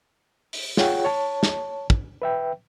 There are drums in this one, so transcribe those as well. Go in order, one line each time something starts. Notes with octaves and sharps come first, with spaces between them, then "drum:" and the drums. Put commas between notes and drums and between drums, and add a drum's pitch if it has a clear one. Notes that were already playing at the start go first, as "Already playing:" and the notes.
drum: open hi-hat
F4 G#4 C#5 F#5 G5, drum: snare
C#5 A5
drum: snare
drum: kick
B4 E5 G5